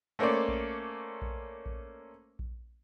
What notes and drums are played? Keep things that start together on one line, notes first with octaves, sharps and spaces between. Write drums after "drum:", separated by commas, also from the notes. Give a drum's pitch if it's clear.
A3 A#3 C#4 C5 D5
drum: kick A#1
drum: kick A#1
drum: kick A#1
drum: kick A#1